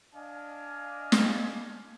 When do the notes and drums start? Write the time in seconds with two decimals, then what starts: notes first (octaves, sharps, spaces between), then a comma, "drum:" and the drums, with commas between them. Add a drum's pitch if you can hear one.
0.15 D4 D#5 F5 G#5
1.12 drum: snare